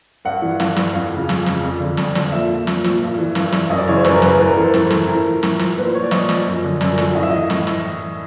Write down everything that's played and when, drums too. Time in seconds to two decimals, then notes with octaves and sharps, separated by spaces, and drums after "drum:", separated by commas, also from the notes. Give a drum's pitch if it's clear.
0.25 G2 F#5
0.42 E3
0.60 G2, drum: snare
0.76 E3, drum: snare
0.94 F2 F5
1.11 C#3 F3
1.29 F2, drum: snare
1.46 C#3 F3, drum: snare
1.63 F2
1.80 D3 F3
1.97 F2, drum: snare
2.15 D3 F3, drum: snare
2.32 A#2 E5
2.50 F3
2.67 A#2, drum: snare
2.84 F3, drum: snare
3.01 G2
3.18 E3
3.35 G2, drum: snare
3.52 E3, drum: snare
3.70 F#2 D#5
3.78 D5
3.87 C#3 E3 C#5
3.96 C5
4.04 F#2 B4, drum: snare
4.13 A#4
4.22 C#3 E3 B4, drum: snare
4.30 A#4
4.39 A2 B4
4.47 A#4
4.57 E3 A4
4.64 C5
4.74 A2, drum: snare
4.90 E3, drum: snare
5.08 A2 A#4
5.25 F3
5.43 A2, drum: snare
5.59 F3, drum: snare
5.77 A#2 B4
5.86 C5
5.94 F3 C#5
6.03 D5
6.11 A#2 D#5, drum: snare
6.29 F3, drum: snare
6.46 F#2
6.64 D3 F3
6.81 F#2, drum: snare
6.98 D3 F3, drum: snare
7.15 A2 D#5
7.23 E5
7.30 E3 D#5
7.50 A2, drum: snare
7.67 drum: snare